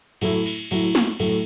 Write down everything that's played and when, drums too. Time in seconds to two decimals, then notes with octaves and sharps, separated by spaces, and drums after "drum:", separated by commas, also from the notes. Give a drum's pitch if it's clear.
0.21 A2 F#3 A3 E4, drum: cymbal
0.46 drum: cymbal
0.71 A2 F#3 A3 E4, drum: cymbal
0.95 drum: snare
1.20 A2 F#3 A3 E4, drum: cymbal